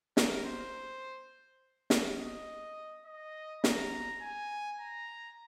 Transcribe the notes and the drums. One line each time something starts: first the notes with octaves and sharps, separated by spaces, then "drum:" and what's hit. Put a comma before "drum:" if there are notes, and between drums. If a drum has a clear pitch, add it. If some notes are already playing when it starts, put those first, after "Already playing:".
A#4, drum: snare
C5
drum: snare
D#5
D#5
A#5, drum: snare
G#5
A#5